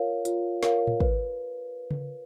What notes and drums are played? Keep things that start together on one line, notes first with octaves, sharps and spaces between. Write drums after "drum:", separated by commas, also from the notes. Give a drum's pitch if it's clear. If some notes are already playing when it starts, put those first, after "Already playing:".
Already playing: F4 A#4 C#5 F5
F4, drum: hi-hat
A#4 C#5 F5, drum: snare
drum: tom A2
B4, drum: kick
drum: tom C#3